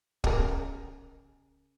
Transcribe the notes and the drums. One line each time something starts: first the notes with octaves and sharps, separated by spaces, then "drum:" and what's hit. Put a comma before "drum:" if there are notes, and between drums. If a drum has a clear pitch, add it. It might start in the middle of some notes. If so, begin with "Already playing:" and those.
C#3 A#4, drum: kick